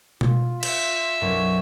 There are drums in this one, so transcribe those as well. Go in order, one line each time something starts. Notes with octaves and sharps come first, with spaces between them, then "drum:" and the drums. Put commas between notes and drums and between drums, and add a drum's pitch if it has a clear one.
F4, drum: tom B2
E5, drum: cymbal
B1 F#2 D5